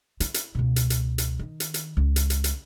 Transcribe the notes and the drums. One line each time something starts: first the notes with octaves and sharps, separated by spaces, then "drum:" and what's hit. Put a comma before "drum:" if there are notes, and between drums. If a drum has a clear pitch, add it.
E4, drum: hi-hat
drum: hi-hat
C#2 B2
drum: hi-hat
drum: hi-hat
drum: hi-hat
D#3
drum: hi-hat
drum: hi-hat
C#2
drum: hi-hat
drum: hi-hat
drum: hi-hat